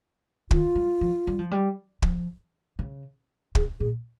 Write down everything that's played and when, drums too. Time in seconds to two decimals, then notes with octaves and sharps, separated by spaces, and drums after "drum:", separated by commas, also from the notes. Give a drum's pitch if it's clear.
0.51 D#3 F4, drum: kick
0.75 G3
1.01 F3
1.27 G3
1.39 F3
1.51 G3
2.02 F3, drum: kick
2.79 C#3
3.55 C3 G#4, drum: kick
3.80 A#2 G#4